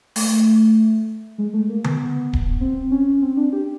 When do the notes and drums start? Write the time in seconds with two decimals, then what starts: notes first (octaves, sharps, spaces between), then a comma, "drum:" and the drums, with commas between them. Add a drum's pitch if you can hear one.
0.16 A3, drum: open hi-hat
1.38 G#3
1.53 A3
1.69 A#3
1.84 B3, drum: tom D3
2.33 drum: kick D1
2.61 C4
2.91 C#4
3.22 C4
3.37 D4
3.53 G4